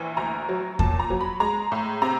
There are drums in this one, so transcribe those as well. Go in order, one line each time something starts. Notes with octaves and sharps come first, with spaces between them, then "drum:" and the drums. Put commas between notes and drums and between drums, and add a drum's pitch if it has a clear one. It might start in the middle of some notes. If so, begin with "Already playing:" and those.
Already playing: A#1 E3
D2 A#5
F#3
A#2 A5, drum: kick E2
A#5
F#3
B5
G#3 A#5
A2
C3 A#5